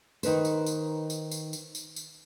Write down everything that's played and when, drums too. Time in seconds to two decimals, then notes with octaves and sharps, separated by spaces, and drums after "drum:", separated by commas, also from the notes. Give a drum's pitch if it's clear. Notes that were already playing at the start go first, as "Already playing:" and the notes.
0.23 D#3 D#4 B4 C5, drum: tambourine
0.45 drum: tambourine
0.66 drum: tambourine
1.10 drum: tambourine
1.31 drum: tambourine
1.53 drum: tambourine
1.75 drum: tambourine
1.96 drum: tambourine